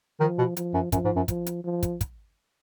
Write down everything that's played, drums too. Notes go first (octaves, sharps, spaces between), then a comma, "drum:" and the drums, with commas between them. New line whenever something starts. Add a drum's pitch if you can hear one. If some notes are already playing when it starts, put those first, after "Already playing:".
D#3 F3
B2
F3, drum: hi-hat
F#2
F#2 F3, drum: kick, hi-hat
G#2
F#2
F3, drum: kick, hi-hat
drum: hi-hat
F3
drum: kick, hi-hat
drum: kick, hi-hat